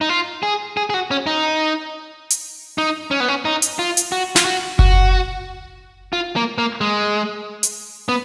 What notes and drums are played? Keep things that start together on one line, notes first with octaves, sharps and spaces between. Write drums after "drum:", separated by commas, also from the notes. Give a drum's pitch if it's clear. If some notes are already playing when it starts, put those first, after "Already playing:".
D#4
F4
G#4
G#4
G#4
F#4
C#4
D#4
drum: hi-hat
D#4
C#4
B3
C#4
D#4
drum: hi-hat
F4
drum: hi-hat
F#4
F4, drum: snare
F#4
F#4, drum: kick F#1
F4
A#3
A#3
G#3
drum: hi-hat
B3